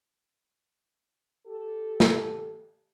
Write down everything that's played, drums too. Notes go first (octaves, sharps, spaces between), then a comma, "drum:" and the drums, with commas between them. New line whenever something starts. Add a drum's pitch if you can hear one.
G4 A4
drum: snare